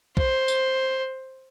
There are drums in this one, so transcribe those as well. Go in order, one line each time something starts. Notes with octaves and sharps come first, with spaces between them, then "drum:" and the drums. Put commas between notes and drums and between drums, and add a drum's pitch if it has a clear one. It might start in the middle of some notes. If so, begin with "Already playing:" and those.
C5, drum: kick
drum: tambourine